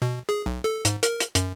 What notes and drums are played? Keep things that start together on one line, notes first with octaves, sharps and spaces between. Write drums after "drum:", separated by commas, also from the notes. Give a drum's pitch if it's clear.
B2
G#4
B1
A4
G#2, drum: hi-hat
A#4, drum: hi-hat
drum: hi-hat
F#2, drum: hi-hat